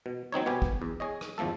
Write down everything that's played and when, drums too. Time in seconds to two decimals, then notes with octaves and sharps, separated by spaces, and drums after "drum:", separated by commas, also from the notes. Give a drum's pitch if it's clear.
0.06 B2
0.32 F#3 C4 D#4 C#5
0.46 B2 B3 G4 G#5
0.62 drum: kick
0.82 E2
1.00 G#4 C#5 D#5
1.21 drum: rim click
1.38 G1 E2 F3 A3 A4